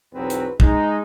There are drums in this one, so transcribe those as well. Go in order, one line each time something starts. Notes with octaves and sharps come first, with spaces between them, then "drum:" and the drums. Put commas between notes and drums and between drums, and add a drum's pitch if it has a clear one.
B1 E2 F#3 C4 B4
drum: hi-hat
G#3 D#4, drum: kick